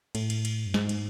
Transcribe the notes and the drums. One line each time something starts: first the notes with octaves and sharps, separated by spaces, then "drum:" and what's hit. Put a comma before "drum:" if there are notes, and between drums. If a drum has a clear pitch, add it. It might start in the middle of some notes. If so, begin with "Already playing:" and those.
A2, drum: cymbal
drum: cymbal
drum: cymbal
G2
G#2, drum: snare
drum: cymbal